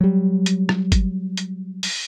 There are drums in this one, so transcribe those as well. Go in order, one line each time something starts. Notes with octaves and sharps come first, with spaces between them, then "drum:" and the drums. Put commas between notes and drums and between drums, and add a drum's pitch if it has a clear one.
F#3 G3
drum: hi-hat
drum: rim click
drum: kick, hi-hat
drum: hi-hat
drum: open hi-hat